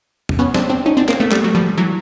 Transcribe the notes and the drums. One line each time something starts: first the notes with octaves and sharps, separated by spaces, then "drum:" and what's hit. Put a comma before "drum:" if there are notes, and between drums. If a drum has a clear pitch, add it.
drum: tom E2
B3 C#4
C4 D4, drum: snare
C4 D4
C#4 D#4
C4 D4
A#3 C4, drum: clap
A3 B3
G3 A3, drum: clap
F#3
F3 G3
E3 F#3